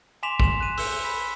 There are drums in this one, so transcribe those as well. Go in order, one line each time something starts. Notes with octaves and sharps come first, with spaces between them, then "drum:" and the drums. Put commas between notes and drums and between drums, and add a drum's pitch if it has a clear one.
G#5 C6 D6 B6 E7 F7
C6 E7, drum: kick A1
F#6 D#7
E6 C#7, drum: open hi-hat
B5 B6